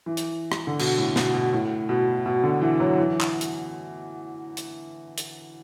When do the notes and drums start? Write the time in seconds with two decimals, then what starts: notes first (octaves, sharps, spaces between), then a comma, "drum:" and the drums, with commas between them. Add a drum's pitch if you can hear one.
0.06 E3
0.17 drum: hi-hat
0.52 drum: rim click
0.67 D3
0.79 B2, drum: cymbal
0.98 A2
1.16 B2, drum: snare
1.34 B2
1.53 A2
1.89 B2
2.26 B2
2.44 D3
2.61 E3
2.80 F#3
2.98 E3
3.21 drum: clap
3.41 drum: hi-hat
4.57 drum: hi-hat
5.18 drum: hi-hat